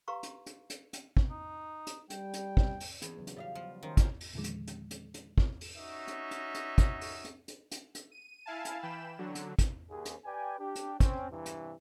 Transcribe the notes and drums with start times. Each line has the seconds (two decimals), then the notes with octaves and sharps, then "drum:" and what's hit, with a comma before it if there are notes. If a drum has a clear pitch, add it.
0.08 G4 B4 F5 A#5 C6 C#6
0.23 drum: hi-hat
0.46 drum: hi-hat
0.70 drum: hi-hat
0.93 drum: hi-hat
1.17 drum: kick
1.30 D#4
1.87 drum: hi-hat
2.10 G3 G5, drum: hi-hat
2.34 drum: hi-hat
2.57 drum: kick
2.80 drum: open hi-hat
3.02 E2, drum: hi-hat
3.17 C#3 F#3 B3
3.27 drum: hi-hat
3.36 G3 D#5 F5
3.55 F3
3.83 D#3 C#4 A#4 C5
3.97 drum: kick, hi-hat
4.21 drum: open hi-hat
4.34 E2 A#2 D3 D#3 F3 G#3
4.44 drum: hi-hat
4.67 drum: hi-hat
4.91 drum: hi-hat
5.14 drum: hi-hat
5.38 drum: kick
5.61 drum: open hi-hat
5.76 C#4 D#4 F#4 E5
6.08 drum: hi-hat
6.31 drum: hi-hat
6.55 drum: hi-hat
6.78 drum: kick, hi-hat
7.01 drum: open hi-hat
7.25 drum: hi-hat
7.48 drum: hi-hat
7.71 drum: hi-hat
7.95 drum: hi-hat
8.12 D#7
8.46 E4 F5 G#5 A5
8.65 drum: hi-hat
8.82 E3 G5 B5 E7
9.19 D3 F#3
9.35 drum: hi-hat
9.59 drum: kick, hi-hat
9.90 D#2 G#4
10.05 drum: hi-hat
10.25 G4 B4 D5 G5 G#5
10.60 D4 G4
10.76 drum: hi-hat
11.00 C4 C#4, drum: kick, hi-hat
11.31 G2 C3 E3
11.46 drum: hi-hat